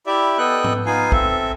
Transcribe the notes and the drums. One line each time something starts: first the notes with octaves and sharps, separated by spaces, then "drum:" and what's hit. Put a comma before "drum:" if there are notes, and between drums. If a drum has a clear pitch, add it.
E4 G4 D5 E5
B3 A4 D#5 G5 F#6
drum: tom G#2
B3 D#4 F4 F5 G#5
C4 A4 E5, drum: kick